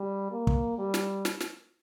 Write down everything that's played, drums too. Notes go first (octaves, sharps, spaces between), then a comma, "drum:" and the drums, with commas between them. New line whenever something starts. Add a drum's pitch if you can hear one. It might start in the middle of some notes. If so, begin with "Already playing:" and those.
Already playing: G3
A#3
drum: kick
G3
drum: snare
drum: snare
drum: snare